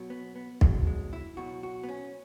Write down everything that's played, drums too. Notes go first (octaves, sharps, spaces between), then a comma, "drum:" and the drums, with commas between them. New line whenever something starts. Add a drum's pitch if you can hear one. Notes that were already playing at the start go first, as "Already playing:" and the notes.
Already playing: B1 B2 F#3
B3
B3
C#2 B2 F#3 G#3, drum: kick
G#3
E4
B1 B2 F#3 F#4
F#4
B3
C#4